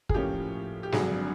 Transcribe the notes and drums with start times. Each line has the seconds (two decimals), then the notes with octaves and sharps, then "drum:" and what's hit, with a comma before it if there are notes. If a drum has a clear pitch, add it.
0.09 G#4, drum: kick
0.14 A2 F3 A#3 C#4 G4
0.83 G4
0.92 G#1 G2 D3 F#3 F#4 G#4, drum: snare